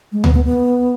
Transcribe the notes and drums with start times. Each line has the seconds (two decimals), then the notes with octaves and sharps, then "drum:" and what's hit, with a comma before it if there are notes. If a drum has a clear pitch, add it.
0.12 G#3
0.24 B3, drum: tom D2
0.34 B3
0.45 B3